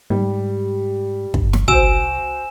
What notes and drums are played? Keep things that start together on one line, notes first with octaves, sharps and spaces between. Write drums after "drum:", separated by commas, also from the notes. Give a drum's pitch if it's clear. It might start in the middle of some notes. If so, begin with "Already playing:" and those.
G#2 G3
G2, drum: kick
drum: snare
C2 F#4 C5 G#5 E6 E7, drum: kick